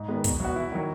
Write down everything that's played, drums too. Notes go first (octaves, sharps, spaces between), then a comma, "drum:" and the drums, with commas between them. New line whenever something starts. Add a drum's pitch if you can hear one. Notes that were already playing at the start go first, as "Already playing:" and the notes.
Already playing: G#2
D#3 G#3 B3
B2, drum: kick, hi-hat
F#3 B3 F#4
E2 E4
D#3 F#3